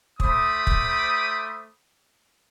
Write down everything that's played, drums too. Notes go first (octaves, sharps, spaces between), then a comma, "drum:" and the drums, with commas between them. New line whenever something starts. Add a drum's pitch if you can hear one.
A3 C5 B5 D6 D#6, drum: kick
drum: kick